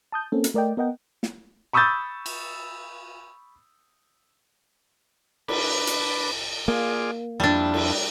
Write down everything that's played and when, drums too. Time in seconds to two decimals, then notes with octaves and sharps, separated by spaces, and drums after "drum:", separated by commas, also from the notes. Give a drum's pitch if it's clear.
0.12 A5 D#6 G6
0.32 A#3 C4 C#4 A4
0.44 drum: hi-hat
0.54 A3 A#4 D5 D#5 G5
0.77 B3 A#4 D#5 F#5 G5
1.23 drum: snare
1.73 B5 C#6 D#6 E6 G6 A6
2.26 drum: cymbal
5.48 D4 B4, drum: cymbal
5.87 drum: hi-hat
6.68 A#3 F4 G#4 D5
7.40 F2 G3 D4 E4 A5
7.74 drum: cymbal